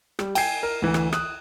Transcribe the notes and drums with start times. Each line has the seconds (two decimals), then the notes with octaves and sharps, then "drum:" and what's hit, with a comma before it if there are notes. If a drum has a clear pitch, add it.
0.19 G3, drum: rim click
0.35 G5 G#5 G#6 C7, drum: cymbal
0.63 A#4
0.82 D2 E3
0.94 drum: rim click
1.13 D#6 F#6, drum: rim click